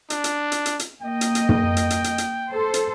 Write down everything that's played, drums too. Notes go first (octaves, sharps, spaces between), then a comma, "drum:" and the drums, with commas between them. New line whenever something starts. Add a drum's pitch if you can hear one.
D4, drum: hi-hat
drum: hi-hat
drum: hi-hat
drum: hi-hat
drum: hi-hat
A#3 D#5 G5
drum: hi-hat
drum: hi-hat
drum: tom
drum: hi-hat
drum: hi-hat
drum: hi-hat
drum: hi-hat
A4 C5
drum: hi-hat